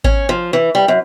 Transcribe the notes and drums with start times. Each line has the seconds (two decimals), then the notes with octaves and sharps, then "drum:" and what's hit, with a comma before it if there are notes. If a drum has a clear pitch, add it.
0.04 C#4, drum: kick G#1
0.29 F3
0.53 E3
0.75 G3
0.88 F#2